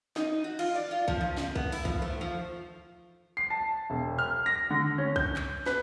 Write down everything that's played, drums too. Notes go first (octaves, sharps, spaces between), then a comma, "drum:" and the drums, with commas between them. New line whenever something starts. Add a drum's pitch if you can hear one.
D#4, drum: snare
F#4
F4, drum: cymbal
D5
F4
F3, drum: kick
C#3
drum: snare
B3, drum: kick
E4, drum: open hi-hat
F3, drum: kick
A3
F3
C7
A5
E1
F6
A#6
D3
C#4
G6, drum: kick
drum: clap
B4, drum: snare